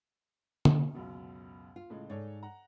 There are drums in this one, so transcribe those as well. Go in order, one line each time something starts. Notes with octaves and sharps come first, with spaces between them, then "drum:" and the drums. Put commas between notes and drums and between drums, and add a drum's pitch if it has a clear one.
drum: tom
C#2 F#2 B2
F4
A2 C#3 G#3
G#2 D#4 A4 C#5 D5
F#5 A#5